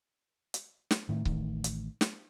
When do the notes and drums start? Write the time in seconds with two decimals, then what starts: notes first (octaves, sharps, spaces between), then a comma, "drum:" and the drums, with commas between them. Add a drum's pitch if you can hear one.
0.54 drum: hi-hat
0.91 drum: snare
1.09 A2 D#3
1.25 A1 A2 D#3, drum: kick C#1
1.64 drum: hi-hat
2.01 drum: snare